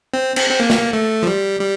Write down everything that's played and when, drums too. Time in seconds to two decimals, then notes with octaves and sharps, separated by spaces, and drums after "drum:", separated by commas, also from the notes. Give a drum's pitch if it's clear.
0.14 C4
0.36 C4, drum: cymbal
0.50 C4
0.60 A#3
0.70 drum: snare
0.93 A3
1.23 F3
1.27 G3
1.60 G3